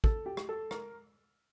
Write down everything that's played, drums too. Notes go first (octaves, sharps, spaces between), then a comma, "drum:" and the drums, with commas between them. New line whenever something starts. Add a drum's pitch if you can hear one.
A4, drum: kick
G4
drum: rim click
A4
A#4, drum: rim click